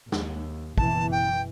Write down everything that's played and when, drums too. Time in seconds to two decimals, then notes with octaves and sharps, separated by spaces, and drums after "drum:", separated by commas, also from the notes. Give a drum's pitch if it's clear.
0.12 D#2, drum: snare
0.78 F#1 B2 E3 A5, drum: kick
1.11 G5